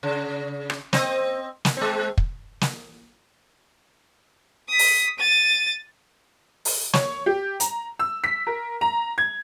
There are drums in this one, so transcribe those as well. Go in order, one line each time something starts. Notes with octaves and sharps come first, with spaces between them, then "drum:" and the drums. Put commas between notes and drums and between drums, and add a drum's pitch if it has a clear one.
C#3
drum: rim click
C4 D#5, drum: snare
drum: snare
G#3 C4
drum: kick
drum: snare
D#6 B6
drum: open hi-hat
A6 D#7
drum: open hi-hat
C#5, drum: snare
G4
A#5, drum: hi-hat
E6
B6
A#4
A#5
G#6